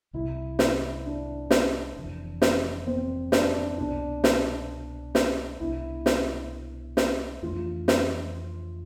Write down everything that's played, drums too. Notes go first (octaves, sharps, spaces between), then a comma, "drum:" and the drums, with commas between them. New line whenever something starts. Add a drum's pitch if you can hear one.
C2 C3 G3 E4
E4, drum: snare
D4
drum: snare
F1 F2 E3
drum: snare
C4
D4, drum: snare
C2 B2 B3 D4
drum: snare
drum: snare
C2 B2 B3 D4 E4
drum: snare
drum: snare
F2 E3 A3 D4 F4
drum: snare